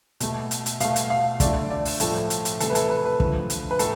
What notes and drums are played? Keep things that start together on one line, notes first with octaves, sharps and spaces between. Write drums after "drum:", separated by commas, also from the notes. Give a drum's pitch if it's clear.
B2 A3, drum: hi-hat
drum: hi-hat
drum: hi-hat
B2 A3 F5, drum: hi-hat
drum: hi-hat
F5
D3 A3 D5, drum: kick, hi-hat
D5
drum: open hi-hat
A2 F3 A3 A4, drum: hi-hat
drum: hi-hat
drum: hi-hat
C3 E3 A3 A4, drum: hi-hat
B4
A4, drum: hi-hat
B4
B4
D3 F3 A3, drum: kick
drum: hi-hat
B4
A2 A4, drum: hi-hat